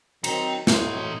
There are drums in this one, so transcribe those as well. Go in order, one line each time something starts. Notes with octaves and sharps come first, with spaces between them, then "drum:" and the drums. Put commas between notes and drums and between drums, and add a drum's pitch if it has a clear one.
D#3 F#3 C4 D#4, drum: cymbal
C2 A2 F#3 D#4 E4 A4 C6, drum: snare